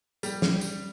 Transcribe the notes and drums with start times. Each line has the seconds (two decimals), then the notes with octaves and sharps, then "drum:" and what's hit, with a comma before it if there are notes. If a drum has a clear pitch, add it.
0.23 G3, drum: tambourine
0.42 drum: snare
0.61 drum: tambourine